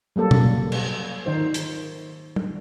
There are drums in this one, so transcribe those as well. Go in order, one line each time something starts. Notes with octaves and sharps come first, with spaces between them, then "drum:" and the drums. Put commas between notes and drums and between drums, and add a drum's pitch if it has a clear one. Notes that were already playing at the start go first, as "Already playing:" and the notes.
F#3 G3 A#3 A4
drum: tom B2
drum: cymbal
D#3 D#4 C5
drum: hi-hat
drum: tom